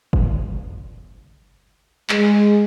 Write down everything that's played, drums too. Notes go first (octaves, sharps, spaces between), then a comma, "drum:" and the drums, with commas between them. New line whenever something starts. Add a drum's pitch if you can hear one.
drum: kick F#1
G#3, drum: clap